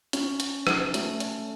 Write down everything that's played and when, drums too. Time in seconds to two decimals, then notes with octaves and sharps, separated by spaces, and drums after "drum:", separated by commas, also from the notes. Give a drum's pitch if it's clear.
0.13 C#4, drum: hi-hat
0.40 drum: hi-hat
0.67 drum: rim click
0.94 A3, drum: hi-hat
1.20 drum: hi-hat